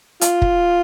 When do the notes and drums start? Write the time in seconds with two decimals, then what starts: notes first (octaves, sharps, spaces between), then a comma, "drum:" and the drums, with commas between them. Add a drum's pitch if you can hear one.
0.21 F4, drum: hi-hat
0.42 drum: kick